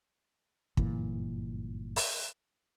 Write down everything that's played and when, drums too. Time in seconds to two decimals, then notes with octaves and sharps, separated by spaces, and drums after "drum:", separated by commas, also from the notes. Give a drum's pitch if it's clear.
0.77 G1 F#2 A#2 E3, drum: kick
1.96 drum: open hi-hat